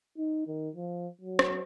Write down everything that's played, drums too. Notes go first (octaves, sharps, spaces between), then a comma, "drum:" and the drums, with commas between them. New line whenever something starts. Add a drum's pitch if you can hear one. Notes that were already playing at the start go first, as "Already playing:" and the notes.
D#4
D#3
F3
F#3
drum: rim click